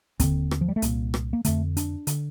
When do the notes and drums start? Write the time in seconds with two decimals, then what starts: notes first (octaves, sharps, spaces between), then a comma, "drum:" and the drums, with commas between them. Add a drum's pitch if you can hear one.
0.20 D#2 D3 C4, drum: kick, hi-hat
0.51 drum: rim click
0.61 F3
0.68 G3
0.76 A3
0.82 C2 A#2 A#3, drum: hi-hat
1.14 drum: rim click
1.33 A#3
1.45 F2 D3 A3, drum: hi-hat
1.77 D4, drum: hi-hat
2.07 D3, drum: hi-hat